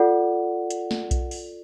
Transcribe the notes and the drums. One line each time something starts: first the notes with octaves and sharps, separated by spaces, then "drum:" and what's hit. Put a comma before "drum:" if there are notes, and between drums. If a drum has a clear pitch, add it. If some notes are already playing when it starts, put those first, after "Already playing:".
Already playing: F4 A4 D5 F#5
drum: hi-hat
drum: snare
drum: kick B1, hi-hat
drum: open hi-hat